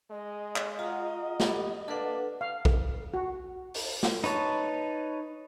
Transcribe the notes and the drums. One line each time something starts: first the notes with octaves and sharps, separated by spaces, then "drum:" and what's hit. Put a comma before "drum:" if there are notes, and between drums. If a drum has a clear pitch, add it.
G#3 D#5
drum: clap
F4 F#4 F5 A#5 D#6
G3 B3, drum: snare
A#3 D4 A4 B4 F#5
F5
drum: kick
F#4
drum: open hi-hat
drum: snare
D#4 B4 C#5 A5, drum: hi-hat